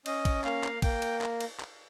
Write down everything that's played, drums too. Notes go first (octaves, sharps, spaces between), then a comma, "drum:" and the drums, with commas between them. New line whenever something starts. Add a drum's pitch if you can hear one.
C#4 D#5, drum: cymbal
drum: kick A#1, cymbal
A#3 F5, drum: clap
drum: clap
A#3 G5, drum: kick A#1, cymbal
drum: cymbal
drum: clap
drum: cymbal
drum: clap